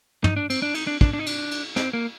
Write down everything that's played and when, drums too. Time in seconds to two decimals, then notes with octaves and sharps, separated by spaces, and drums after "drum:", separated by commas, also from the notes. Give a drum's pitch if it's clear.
0.24 D#4, drum: tom
0.36 D4
0.50 C4, drum: cymbal
0.62 D4
0.74 D#4, drum: cymbal
0.87 D4
1.01 D4, drum: kick
1.13 D4
1.19 D#4
1.26 D4, drum: cymbal
1.51 drum: cymbal
1.76 C4, drum: snare
1.93 A#3